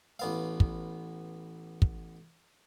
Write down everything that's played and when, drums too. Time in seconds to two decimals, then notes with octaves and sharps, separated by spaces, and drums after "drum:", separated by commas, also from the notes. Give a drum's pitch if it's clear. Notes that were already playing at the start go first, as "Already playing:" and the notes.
0.19 A1 B3 F5
0.60 drum: kick
1.82 drum: kick